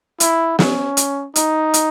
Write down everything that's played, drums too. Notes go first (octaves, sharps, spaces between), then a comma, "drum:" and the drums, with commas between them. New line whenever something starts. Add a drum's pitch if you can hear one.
E4, drum: hi-hat
C#4, drum: snare
drum: hi-hat
D#4, drum: hi-hat
drum: hi-hat